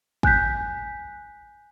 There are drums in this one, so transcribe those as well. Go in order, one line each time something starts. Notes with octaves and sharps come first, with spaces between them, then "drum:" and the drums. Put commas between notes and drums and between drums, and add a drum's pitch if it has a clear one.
G#5 F#6 G6 B6, drum: kick